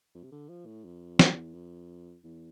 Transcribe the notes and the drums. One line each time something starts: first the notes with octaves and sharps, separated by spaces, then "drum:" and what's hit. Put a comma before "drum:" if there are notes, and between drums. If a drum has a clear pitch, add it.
F2
C3
D3
F3
A2
F2
E2, drum: snare
F2
E2